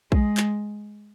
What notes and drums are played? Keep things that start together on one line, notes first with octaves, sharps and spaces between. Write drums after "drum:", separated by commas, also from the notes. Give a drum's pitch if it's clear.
G#3, drum: kick A#1
drum: clap